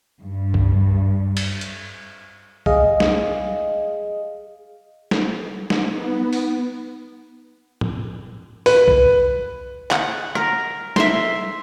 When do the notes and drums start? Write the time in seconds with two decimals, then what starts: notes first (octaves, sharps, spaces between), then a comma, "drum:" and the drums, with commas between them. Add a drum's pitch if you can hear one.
0.21 G2
0.54 drum: kick C2
1.37 drum: cymbal
1.61 drum: hi-hat
2.66 G#4 D#5 F5, drum: kick C2
3.00 drum: snare
5.11 drum: snare
5.70 drum: snare
5.90 B3 D#4
6.33 drum: open hi-hat
7.81 drum: tom
8.66 B4, drum: open hi-hat
8.88 drum: kick C2
9.91 F#5, drum: clap
10.35 A#4, drum: rim click
10.96 E5 C6, drum: snare